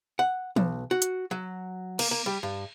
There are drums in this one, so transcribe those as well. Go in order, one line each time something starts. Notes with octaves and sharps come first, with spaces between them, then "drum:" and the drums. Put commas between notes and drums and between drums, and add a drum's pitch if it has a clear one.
F#5
B1, drum: tom E3
F#4
drum: hi-hat
F#3
A#3, drum: cymbal
A#3
G3
G2